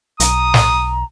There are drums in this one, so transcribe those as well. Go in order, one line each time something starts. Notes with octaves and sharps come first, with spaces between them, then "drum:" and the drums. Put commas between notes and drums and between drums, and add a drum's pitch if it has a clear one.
B1 A#5 D#6, drum: hi-hat
drum: snare